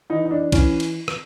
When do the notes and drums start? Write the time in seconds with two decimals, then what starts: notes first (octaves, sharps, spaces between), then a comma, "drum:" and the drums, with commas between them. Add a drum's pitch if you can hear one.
0.10 E3 D#4
0.26 D#4
0.31 D4
0.52 E3 C#4, drum: kick B1, cymbal
0.80 drum: cymbal
1.08 drum: rim click